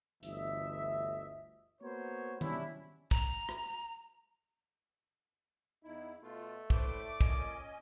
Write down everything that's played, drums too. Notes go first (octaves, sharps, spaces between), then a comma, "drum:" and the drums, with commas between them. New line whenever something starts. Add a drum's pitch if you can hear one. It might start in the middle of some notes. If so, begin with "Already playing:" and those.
G1 D2 E3 A3 D#5 E5, drum: hi-hat
A#3 B3 F#4 A#4 C5 C#5
B2 F#3 G3 C#4 D4 E4, drum: tom D#3
A#5, drum: kick
drum: rim click
E2 D#4 E4
B2 A3 F4
A2 B4 C5 D5 D6 G6, drum: kick
A#2 C#4 D#5 G#5, drum: kick